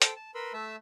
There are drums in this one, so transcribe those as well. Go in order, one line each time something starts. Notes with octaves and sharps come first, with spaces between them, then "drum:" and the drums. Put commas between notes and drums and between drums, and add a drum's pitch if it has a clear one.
A4 C5 G5, drum: hi-hat
A5
A#4 B4 B5 C6 E6
A3 E5 A5 E6